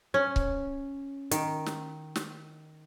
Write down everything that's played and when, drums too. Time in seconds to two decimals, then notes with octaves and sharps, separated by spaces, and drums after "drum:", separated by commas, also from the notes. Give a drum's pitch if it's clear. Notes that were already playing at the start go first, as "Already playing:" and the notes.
0.14 C#4
0.36 drum: kick C#1
1.31 D#3, drum: hi-hat
1.66 drum: snare
2.16 drum: snare